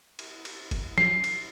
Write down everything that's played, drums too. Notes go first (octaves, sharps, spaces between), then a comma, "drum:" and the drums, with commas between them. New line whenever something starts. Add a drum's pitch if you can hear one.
drum: cymbal
drum: cymbal
drum: kick F#1, cymbal
C7, drum: snare
drum: cymbal